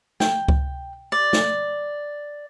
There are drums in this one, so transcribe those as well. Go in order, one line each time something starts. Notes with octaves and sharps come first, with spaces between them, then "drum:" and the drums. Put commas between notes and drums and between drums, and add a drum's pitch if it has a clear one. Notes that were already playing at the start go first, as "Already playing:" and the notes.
G5, drum: snare
drum: kick C#2
D5
drum: snare